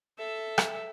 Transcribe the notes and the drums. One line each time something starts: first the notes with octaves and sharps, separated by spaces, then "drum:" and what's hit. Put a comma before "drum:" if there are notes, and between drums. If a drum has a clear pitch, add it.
A4 E5
drum: rim click